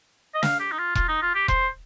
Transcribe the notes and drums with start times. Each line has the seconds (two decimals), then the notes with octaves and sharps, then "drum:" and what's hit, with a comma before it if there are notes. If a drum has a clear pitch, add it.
0.34 D#5
0.43 F5, drum: snare
0.60 G4
0.72 D#4
0.78 F4
0.95 F4, drum: kick E1
1.08 D#4
1.22 F4
1.35 G4
1.48 C5, drum: kick E1